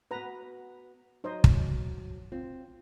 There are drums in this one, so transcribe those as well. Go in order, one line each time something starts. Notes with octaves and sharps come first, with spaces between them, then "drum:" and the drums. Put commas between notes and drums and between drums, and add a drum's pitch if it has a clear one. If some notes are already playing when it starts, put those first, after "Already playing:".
B3 F#4 B4 A#5
F#3 D#4 C5 D#5
drum: kick
C4 F4